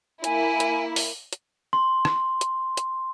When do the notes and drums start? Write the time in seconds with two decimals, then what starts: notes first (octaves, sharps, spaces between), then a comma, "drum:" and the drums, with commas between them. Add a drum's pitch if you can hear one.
0.24 A#3 E4 G#5, drum: hi-hat
0.60 drum: hi-hat
0.96 drum: open hi-hat
1.33 drum: hi-hat
1.73 C6
2.05 drum: rim click
2.41 drum: hi-hat
2.77 drum: hi-hat